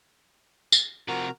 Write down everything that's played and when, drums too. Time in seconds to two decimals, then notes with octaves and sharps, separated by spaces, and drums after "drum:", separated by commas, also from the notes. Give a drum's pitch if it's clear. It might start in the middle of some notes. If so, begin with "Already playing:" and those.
0.72 drum: tambourine
1.08 C3 F3 F#4 A#4 A#5